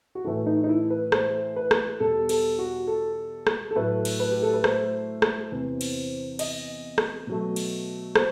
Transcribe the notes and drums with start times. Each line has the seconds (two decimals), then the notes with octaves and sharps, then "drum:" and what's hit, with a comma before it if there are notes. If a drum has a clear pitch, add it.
0.15 F#4
0.24 A2 E3 A3 E4
0.46 D#4
0.64 D#4
0.69 E4
0.90 B4
1.12 C5, drum: rim click
1.56 B4
1.71 drum: rim click
2.00 E2 B2 G3 A4
2.29 A4, drum: cymbal
2.59 F#4
2.87 A4
3.47 drum: rim click
3.71 A4
3.76 A2 F#3 A3 B4
4.05 drum: cymbal
4.20 B4
4.31 G4
4.42 A4
4.53 B4
4.64 C5, drum: rim click
5.22 drum: rim click
5.52 E2 C3 E3
5.81 drum: cymbal
6.39 D#5, drum: cymbal
6.98 drum: rim click
7.27 B2 F#3 A3
7.56 drum: cymbal
8.15 C5, drum: rim click